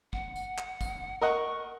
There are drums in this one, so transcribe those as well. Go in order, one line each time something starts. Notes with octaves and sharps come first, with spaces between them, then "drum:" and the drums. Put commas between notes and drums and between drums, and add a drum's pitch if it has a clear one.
F#5, drum: kick
drum: tambourine
drum: clap
drum: kick, tambourine
A#4 D#5 F#5 C#6